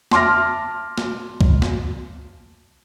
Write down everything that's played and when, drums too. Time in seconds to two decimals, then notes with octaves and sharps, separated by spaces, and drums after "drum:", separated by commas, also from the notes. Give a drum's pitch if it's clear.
0.11 A5 C6 D6 F6 A#6, drum: snare
0.98 drum: snare
1.41 drum: kick
1.62 drum: snare